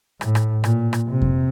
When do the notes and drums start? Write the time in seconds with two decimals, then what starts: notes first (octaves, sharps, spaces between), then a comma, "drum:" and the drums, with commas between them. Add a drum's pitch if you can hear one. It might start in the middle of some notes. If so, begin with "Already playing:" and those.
0.21 A2, drum: rim click
0.35 drum: rim click
0.64 A#2, drum: rim click
0.93 drum: rim click
1.07 C3
1.22 drum: kick F2